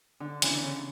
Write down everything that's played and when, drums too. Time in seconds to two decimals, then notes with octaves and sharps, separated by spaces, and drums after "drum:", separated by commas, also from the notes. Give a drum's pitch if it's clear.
0.20 D3
0.42 C#3 E3, drum: hi-hat
0.55 D3
0.63 C#3